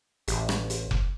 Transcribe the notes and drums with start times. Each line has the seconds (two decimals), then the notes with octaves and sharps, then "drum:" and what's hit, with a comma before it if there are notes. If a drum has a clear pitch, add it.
0.28 A1, drum: hi-hat
0.49 drum: rim click
0.70 drum: hi-hat
0.91 drum: kick F1